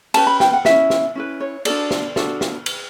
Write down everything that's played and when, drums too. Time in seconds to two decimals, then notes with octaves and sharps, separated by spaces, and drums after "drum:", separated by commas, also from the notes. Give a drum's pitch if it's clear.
0.14 C#4 G4 B4 A5, drum: cymbal
0.27 B5
0.40 G5, drum: snare
0.53 F#5
0.65 C#4 E4 B4 E5, drum: snare
0.90 drum: snare
1.15 C#4 E4 B4
1.40 C#5
1.65 D4 F#4 A4 D5, drum: cymbal
1.91 drum: snare
2.16 D4 F#4 A4, drum: snare
2.41 drum: snare
2.66 drum: cymbal